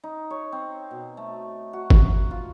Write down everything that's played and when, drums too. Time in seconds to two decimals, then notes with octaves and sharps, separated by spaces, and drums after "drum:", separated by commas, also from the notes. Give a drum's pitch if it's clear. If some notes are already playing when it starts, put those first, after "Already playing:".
0.04 D#4
0.30 C#5
0.52 C4
0.91 B2
1.17 A3
1.73 F#4
1.90 drum: kick G1
2.31 F4